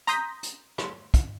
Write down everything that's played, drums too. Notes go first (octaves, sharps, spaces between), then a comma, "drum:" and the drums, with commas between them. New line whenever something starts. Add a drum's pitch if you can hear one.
A#5 C6 D#6 G6 A#6 B6, drum: hi-hat
drum: hi-hat
drum: rim click
drum: kick, hi-hat